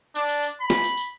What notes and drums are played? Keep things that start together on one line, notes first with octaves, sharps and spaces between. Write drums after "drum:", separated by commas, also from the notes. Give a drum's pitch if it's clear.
D4, drum: tambourine
drum: tambourine
drum: tambourine
B5
drum: snare
drum: tambourine
drum: tambourine